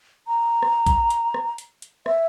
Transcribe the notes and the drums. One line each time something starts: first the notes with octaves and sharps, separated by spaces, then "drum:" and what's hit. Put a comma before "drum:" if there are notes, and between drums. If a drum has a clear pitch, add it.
A#5
drum: rim click
drum: kick A#1, hi-hat
drum: hi-hat
drum: rim click
drum: hi-hat
drum: hi-hat
E5, drum: rim click